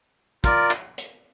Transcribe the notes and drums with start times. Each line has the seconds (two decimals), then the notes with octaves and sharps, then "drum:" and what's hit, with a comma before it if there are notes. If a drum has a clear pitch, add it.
0.44 F4 A#4 D5, drum: kick, hi-hat
0.71 drum: clap
0.98 drum: hi-hat